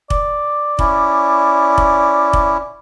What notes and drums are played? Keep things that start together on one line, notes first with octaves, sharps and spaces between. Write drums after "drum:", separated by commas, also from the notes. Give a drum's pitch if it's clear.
D5, drum: kick
C#4 E4, drum: kick
drum: kick
drum: kick